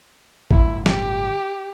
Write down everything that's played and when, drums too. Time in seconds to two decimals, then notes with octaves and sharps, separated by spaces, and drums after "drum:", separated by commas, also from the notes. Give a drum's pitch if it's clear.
0.51 D1 G1 D2 E4, drum: kick A1
0.86 G4, drum: snare